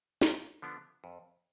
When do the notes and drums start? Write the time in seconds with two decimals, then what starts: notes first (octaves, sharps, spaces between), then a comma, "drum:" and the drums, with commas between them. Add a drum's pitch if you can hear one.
0.22 F2, drum: snare
0.62 D3 F3 B3 D4
1.04 F2